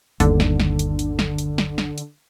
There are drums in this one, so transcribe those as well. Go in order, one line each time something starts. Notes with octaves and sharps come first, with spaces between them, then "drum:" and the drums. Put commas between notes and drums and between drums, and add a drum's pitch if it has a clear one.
G1 D#2 D3, drum: hi-hat
drum: snare
drum: snare
drum: hi-hat
drum: hi-hat
drum: snare
drum: hi-hat
drum: snare
drum: snare
drum: hi-hat